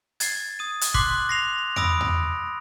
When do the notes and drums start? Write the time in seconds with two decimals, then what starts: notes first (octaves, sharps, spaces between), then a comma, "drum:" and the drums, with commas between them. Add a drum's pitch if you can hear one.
0.20 G#6 A6 C7, drum: hi-hat
0.59 D#6 D#7
0.81 drum: hi-hat
0.94 C6 D6 F#6 B6 C7 F#7, drum: kick
1.29 A#6 C7 F7
1.76 B5 D#6 E6 A#6 D7, drum: tom E2
2.01 drum: tom E2